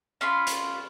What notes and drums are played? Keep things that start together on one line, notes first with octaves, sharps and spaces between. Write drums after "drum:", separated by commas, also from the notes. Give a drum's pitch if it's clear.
C#4 F4 B5 C6
drum: hi-hat